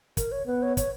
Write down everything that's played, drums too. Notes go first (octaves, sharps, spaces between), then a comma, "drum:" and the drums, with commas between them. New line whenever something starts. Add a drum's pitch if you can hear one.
A#4, drum: kick, hi-hat
C#5
B3 B4
C#5
C#5, drum: kick, hi-hat